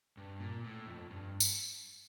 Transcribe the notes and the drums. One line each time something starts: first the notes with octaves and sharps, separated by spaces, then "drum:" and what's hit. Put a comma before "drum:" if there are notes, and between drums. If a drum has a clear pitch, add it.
G2
A#2
A2
F2
G2
drum: tambourine